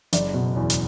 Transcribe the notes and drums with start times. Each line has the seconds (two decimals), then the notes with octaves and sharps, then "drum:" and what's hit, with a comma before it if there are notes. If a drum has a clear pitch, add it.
0.13 F#1 D5, drum: hi-hat
0.34 B2
0.56 E2
0.70 drum: hi-hat